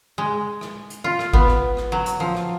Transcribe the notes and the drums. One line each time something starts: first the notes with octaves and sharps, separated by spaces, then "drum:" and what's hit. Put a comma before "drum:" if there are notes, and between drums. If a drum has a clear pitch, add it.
G#3
drum: rim click
drum: hi-hat
F4
drum: rim click
B3, drum: kick G#1
drum: rim click
drum: rim click
F#3
drum: hi-hat
F3
drum: rim click